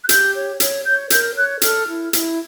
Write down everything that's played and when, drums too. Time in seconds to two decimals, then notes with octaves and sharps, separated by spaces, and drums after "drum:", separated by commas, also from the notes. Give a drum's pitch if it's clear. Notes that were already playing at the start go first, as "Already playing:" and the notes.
0.03 F#6
0.09 G4 G6, drum: hi-hat
0.35 C#5
0.60 C#5, drum: hi-hat
0.85 C#5 G6
1.10 A#4 G6, drum: hi-hat
1.36 C#5 F#6
1.62 A4 F6, drum: hi-hat
1.87 E4
2.13 E4, drum: hi-hat